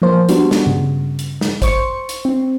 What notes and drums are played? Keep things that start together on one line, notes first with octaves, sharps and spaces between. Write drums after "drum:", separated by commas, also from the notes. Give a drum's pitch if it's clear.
F3 A#3 C5
G3 B3 D4 F#4, drum: hi-hat
drum: snare
G2 C#3
drum: hi-hat
drum: snare
C5 C#6 C#7, drum: kick G#1, hi-hat
drum: hi-hat
C4